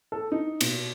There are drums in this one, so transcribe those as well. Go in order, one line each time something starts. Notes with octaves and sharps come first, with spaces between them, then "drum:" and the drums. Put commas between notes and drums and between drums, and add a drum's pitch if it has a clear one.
A4
D#4
B2, drum: cymbal